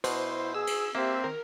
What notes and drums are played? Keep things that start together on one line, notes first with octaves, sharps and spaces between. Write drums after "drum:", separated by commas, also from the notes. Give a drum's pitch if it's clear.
B2 E4 C5, drum: cymbal
G#4 E6
drum: cymbal
A#3 C4 G4 E5
D#3 A#4